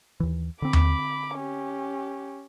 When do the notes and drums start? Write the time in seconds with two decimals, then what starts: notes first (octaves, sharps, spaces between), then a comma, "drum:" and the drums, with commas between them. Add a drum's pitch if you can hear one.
0.20 D#2 E3
0.62 D3 C4 B5 D6
0.73 drum: tom D#2
1.36 C#4 G4